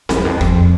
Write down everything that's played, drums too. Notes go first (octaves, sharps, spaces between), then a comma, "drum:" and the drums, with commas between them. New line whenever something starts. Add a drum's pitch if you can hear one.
E2, drum: snare C4
F2
F2, drum: rim click